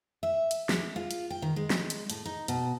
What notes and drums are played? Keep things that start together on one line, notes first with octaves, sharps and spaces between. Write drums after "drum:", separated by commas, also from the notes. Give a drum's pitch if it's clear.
E5
drum: hi-hat
G#3, drum: snare
F4
drum: hi-hat
G5
D#3
G#3
drum: snare
drum: hi-hat
A2, drum: hi-hat
D#4
B2, drum: hi-hat